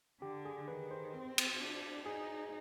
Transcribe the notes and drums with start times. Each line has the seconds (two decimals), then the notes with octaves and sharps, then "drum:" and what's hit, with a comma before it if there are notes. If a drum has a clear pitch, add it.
0.21 D3 G4
0.45 G#4
0.68 D#3 B4
0.91 C5
1.14 C4
1.38 drum: cymbal
1.60 D4
2.06 D#4 G#4